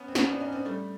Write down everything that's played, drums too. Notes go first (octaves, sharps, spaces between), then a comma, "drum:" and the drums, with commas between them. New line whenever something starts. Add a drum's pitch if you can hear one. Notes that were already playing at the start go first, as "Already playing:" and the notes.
Already playing: B3 C#4
C4
B3 C#4, drum: snare
C4 D4
C#4 D#4
C4 D4
G3 A3